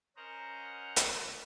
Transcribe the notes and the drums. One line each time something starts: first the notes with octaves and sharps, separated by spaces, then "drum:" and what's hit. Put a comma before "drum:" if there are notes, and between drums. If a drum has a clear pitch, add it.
C#4 A#4 C5 D#5 F#5 A#5
drum: hi-hat